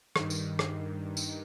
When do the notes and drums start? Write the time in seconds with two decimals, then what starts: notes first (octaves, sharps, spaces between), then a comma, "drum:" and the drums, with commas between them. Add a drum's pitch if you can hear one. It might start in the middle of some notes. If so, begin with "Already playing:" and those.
0.16 G2 D#3, drum: rim click
0.30 drum: tambourine
0.59 drum: rim click
1.17 drum: tambourine